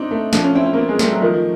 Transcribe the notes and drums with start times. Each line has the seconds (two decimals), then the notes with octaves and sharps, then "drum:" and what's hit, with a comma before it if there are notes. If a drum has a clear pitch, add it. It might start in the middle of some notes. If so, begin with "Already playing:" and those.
Already playing: C4 D4 D#4
0.11 A3
0.33 F3 D4, drum: snare
0.44 C#4
0.55 C4 E4
0.66 C4
0.73 A#3
0.77 B3 C4
0.89 G#3
0.99 G3 A3, drum: snare
1.11 F#3
1.22 D#3 F3
1.33 F3